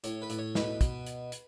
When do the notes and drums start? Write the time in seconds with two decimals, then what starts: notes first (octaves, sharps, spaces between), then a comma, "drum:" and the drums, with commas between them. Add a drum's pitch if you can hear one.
0.04 A2 C#5, drum: hi-hat
0.22 B4
0.30 A2, drum: hi-hat
0.38 C#5
0.55 B2 B4, drum: snare
0.81 B2, drum: kick, hi-hat
1.07 drum: hi-hat
1.32 drum: hi-hat